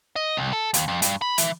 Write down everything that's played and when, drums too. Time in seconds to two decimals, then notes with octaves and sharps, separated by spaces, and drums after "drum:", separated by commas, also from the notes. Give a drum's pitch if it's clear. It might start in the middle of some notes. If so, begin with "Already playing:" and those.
0.16 D#5
0.37 C2
0.53 A4
0.74 D#2, drum: hi-hat
0.88 F2
1.02 G2, drum: hi-hat
1.22 B5
1.38 E3, drum: hi-hat